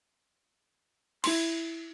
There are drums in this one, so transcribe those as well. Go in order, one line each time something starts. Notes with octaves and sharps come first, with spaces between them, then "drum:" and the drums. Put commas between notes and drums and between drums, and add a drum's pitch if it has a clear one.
E4 C6, drum: cymbal